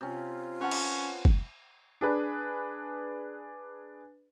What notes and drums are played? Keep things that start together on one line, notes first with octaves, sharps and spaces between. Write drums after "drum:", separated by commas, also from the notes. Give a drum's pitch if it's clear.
C3 C#4 F4
C#4 B4 F#5 A5
drum: cymbal
drum: kick F#1
D4 G#4 B4